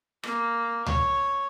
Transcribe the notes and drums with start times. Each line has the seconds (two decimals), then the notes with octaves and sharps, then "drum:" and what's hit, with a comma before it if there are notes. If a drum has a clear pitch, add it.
0.23 A#3, drum: rim click
0.86 C#5, drum: tom C#2